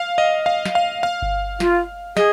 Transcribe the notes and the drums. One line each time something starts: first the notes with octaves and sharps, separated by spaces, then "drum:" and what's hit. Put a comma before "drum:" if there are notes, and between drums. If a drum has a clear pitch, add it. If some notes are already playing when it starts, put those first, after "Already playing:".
Already playing: F5
D#5
F5
drum: snare
F5
F5
drum: kick G1
F4, drum: snare
G#4 D#5, drum: snare